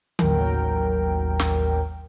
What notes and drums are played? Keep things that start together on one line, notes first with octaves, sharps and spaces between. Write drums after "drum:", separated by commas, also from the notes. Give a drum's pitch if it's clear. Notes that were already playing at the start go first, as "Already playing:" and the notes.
A1 D#2 F#3 A#4 G5, drum: tom D3
drum: snare